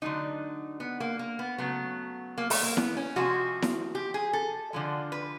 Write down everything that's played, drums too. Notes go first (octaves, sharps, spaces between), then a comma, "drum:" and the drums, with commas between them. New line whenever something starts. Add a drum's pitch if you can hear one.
D3 F#3 A3 D#4
B3
A#3
A#3
B3
C#3 F#3 A3 B3
A#3
A3, drum: open hi-hat
A#3
B3, drum: snare E4
C#4
C3 F3 G#3 F#4
drum: snare E4
G4
G#4
A4
D3 F3 G#3
B4